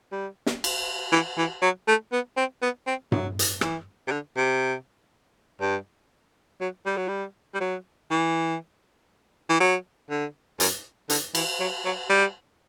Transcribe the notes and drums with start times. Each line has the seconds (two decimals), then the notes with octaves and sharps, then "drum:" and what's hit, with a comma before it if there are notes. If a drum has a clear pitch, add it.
0.12 G3
0.46 drum: snare
0.64 drum: cymbal
1.12 E3
1.38 E3
1.62 F#3
1.88 A3
2.12 B3
2.37 C4
2.62 B3
2.87 C4
3.12 F#3, drum: tom G2
3.39 drum: hi-hat
3.61 E3, drum: rim click
4.07 C3
4.11 D3
4.37 C3
5.61 G2
6.61 F#3
6.86 G3
6.97 F#3
7.08 G3
7.54 G3
7.61 F#3
8.11 E3
9.50 E3
9.60 F#3
10.10 D3
10.60 F#2, drum: hi-hat
11.10 D3, drum: hi-hat
11.35 E3, drum: cymbal
11.60 F#3
11.85 F#3
12.10 G3